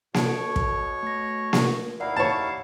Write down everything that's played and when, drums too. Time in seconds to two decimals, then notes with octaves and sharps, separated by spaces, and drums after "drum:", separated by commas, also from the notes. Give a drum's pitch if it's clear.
0.14 B2 A4 C#5 A5 C#6 D7, drum: snare A#3
0.56 drum: kick
1.03 A3 A#6
1.53 drum: snare A#3
2.00 D#2 E4 D5 F5 F#5 A#5
2.16 C#5 A5